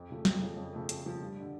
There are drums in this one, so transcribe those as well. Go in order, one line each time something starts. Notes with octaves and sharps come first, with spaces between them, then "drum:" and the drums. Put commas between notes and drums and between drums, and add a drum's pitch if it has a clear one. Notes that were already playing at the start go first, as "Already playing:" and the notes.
Already playing: F2
C#3 F3 A3
F2, drum: snare
C#3 F3 A3
F2
C#3 F3 A3
F2, drum: hi-hat
C#3 F3 A3
G2
D3 G3